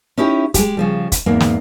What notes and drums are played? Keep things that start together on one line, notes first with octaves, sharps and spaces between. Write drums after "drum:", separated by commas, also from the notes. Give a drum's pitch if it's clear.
C#4 D#4 E4 G4
G#3 G4, drum: kick, hi-hat
C#3 F3 G3
drum: kick, hi-hat
E2 G#2 A#3 C4
drum: snare